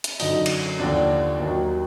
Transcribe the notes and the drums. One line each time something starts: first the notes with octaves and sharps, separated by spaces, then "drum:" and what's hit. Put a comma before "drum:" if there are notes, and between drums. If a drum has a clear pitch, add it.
drum: hi-hat
F#2 D3 F#3 D#4, drum: open hi-hat
drum: cymbal
D#2 D3 F3 D4
D#2 D#3 F#3